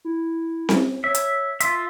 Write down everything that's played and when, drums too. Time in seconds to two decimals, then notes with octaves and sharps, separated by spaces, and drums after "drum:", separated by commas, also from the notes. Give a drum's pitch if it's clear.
0.05 E4
0.69 drum: snare C4
1.04 C#5 E5
1.15 drum: hi-hat
1.60 F4 E5 C6, drum: hi-hat